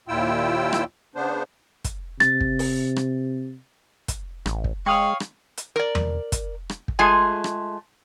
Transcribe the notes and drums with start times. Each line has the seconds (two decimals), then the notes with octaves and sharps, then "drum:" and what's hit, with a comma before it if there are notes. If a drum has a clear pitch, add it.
0.08 D#2 A#2 E4 F4 G5 E6
0.73 drum: rim click
1.15 C#3 B3 D4 C5
1.85 drum: kick, hi-hat
2.20 C3 A6, drum: rim click
2.40 drum: kick
2.59 drum: open hi-hat
2.96 drum: rim click
4.08 drum: kick, hi-hat
4.46 A1, drum: rim click
4.64 drum: kick
4.86 G#3 C#5 F5 G5 C#6 D#6 F6 F#7
5.20 drum: rim click
5.58 drum: hi-hat
5.76 A#4 D5
5.95 drum: tom E2
6.32 drum: kick, hi-hat
6.69 drum: rim click
6.88 drum: kick
6.99 G#3 A3 F4 G#4 G#5
7.44 drum: rim click